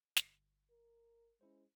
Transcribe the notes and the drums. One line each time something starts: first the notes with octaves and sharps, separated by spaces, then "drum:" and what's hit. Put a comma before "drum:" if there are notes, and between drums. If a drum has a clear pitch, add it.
G1, drum: snare
A#4
G#3 C#4 E4 C5